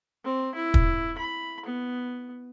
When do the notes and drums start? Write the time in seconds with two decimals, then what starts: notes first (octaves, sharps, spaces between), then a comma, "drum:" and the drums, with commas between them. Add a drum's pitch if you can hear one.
0.24 C4
0.55 E4
0.74 drum: kick
1.18 B5
1.66 B3